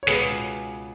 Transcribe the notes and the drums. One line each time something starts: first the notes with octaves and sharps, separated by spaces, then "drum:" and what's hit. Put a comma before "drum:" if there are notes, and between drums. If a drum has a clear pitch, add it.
C#5
C#2 B2 G#4 B4, drum: snare